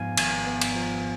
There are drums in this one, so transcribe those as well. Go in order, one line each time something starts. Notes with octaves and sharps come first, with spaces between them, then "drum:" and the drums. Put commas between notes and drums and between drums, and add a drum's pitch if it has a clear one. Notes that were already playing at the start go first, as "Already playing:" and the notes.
Already playing: G#2 F3 B3 F5 G#5
G#1 G#5, drum: cymbal
B3
drum: cymbal
F3